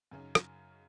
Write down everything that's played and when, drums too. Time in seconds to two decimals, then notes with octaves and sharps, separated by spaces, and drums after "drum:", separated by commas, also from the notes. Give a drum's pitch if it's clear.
0.11 F#2 C#3 C#4 D#4
0.35 drum: rim click